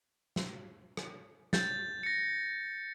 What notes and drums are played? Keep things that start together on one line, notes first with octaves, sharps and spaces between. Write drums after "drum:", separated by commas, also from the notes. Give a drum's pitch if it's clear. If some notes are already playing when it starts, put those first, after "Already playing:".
drum: snare
drum: rim click
G6 A6, drum: snare
A#6 C#7